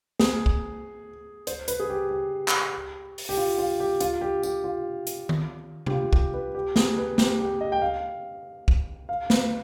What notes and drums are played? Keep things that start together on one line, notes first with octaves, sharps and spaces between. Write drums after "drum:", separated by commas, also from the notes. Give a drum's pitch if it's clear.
G#4, drum: snare
drum: kick
C5, drum: hi-hat
B4, drum: hi-hat
G#4
G4
G4
drum: clap
drum: open hi-hat
G4
F4
F4
G4
F4, drum: hi-hat
G4
G4, drum: tambourine
F4
drum: hi-hat
drum: tom D#3
G4, drum: tom C3
F4
G4, drum: kick
B4
G4
G#4, drum: snare
B4
G4, drum: snare
G4
D#5
G5
F5
drum: kick
F5
B4, drum: snare